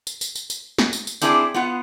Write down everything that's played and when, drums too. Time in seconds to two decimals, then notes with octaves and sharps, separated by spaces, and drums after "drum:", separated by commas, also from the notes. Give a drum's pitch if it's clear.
0.07 drum: tambourine
0.21 drum: tambourine
0.35 drum: tambourine
0.50 drum: tambourine
0.78 drum: snare
0.93 drum: tambourine
1.07 drum: tambourine
1.21 C4 D4 E4 G#4 A#4 D5, drum: tambourine
1.54 B3 F4 F#5